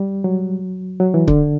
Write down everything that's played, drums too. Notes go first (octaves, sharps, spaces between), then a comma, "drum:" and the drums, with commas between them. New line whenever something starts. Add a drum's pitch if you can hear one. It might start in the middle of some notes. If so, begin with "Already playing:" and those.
Already playing: G3
F#3
F#3
E3
D3, drum: kick C#1